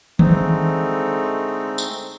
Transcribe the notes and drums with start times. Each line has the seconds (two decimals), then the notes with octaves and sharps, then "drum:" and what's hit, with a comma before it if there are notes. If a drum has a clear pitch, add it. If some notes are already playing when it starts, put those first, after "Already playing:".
0.19 D3 G#3 A3 C4 D#4, drum: tom D#3
1.78 drum: tambourine